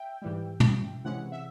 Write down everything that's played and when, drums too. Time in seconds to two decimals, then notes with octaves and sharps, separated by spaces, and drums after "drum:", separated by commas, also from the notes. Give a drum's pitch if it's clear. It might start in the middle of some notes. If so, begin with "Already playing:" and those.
Already playing: E5 G5
0.22 G#2 E3 G3
0.60 drum: tom
1.04 C3 E3 G#3 C#4 E4 F#5
1.32 E5